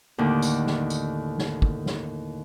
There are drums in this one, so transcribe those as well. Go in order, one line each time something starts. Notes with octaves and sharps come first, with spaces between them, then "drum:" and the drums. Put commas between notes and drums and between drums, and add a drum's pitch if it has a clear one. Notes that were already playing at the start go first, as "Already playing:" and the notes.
D#2 A2 D3 D#3
drum: tambourine
drum: snare
drum: tambourine
drum: snare
drum: kick
drum: snare